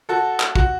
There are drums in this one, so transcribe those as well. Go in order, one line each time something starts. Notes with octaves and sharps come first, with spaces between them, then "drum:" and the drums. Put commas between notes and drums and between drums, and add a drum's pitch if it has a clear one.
F#4 A4
drum: clap
F#4, drum: kick